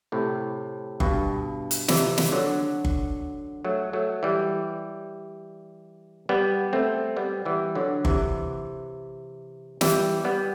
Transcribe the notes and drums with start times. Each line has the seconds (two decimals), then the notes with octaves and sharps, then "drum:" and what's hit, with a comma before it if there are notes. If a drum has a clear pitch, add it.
0.12 A2 C3
1.00 G2 B2, drum: kick G1
1.71 drum: hi-hat
1.88 C3 E3, drum: snare
2.18 drum: snare
2.32 D3 F#3
2.85 drum: kick G1
3.65 F#3 A3
3.93 F#3 A3
4.23 E3 G3
6.29 G3 B3
6.73 A3 C4
7.17 G3 B3
7.45 E3 G3
7.75 D3 F#3
8.05 C3 E3, drum: kick G1
9.81 E3 G3, drum: snare
10.24 G3 B3